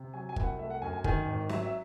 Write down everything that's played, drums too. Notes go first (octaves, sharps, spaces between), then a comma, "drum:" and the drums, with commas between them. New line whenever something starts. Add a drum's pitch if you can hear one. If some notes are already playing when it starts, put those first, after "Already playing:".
Already playing: C3
F#3 G#5
G#5
C2, drum: kick
F#5
A3 E5
F#5
F#2 G#5
G#5
D#3 G#5, drum: kick
G#1
F#3 E5, drum: snare
E5